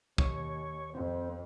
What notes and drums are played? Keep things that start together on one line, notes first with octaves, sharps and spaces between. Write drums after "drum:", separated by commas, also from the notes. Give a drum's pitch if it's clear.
D#2 C#5, drum: kick
F2 C4